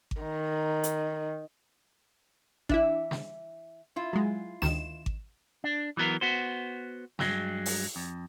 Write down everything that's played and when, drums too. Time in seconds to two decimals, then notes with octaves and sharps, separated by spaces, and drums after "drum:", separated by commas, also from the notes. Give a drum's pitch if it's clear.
0.11 drum: kick G#1
0.22 D#3
0.83 drum: hi-hat
2.69 E3 D4 E4 E5, drum: kick G#1
3.11 drum: snare
3.96 E4 F4
4.13 F#3 G#3
4.62 D2 D#3 E7, drum: snare
5.06 drum: kick G#1
5.64 D4
5.97 E3 F#3 B3 A#4
6.21 B3 F#4 C5
7.19 G2 F#3 G#3, drum: snare
7.66 drum: open hi-hat
7.96 F2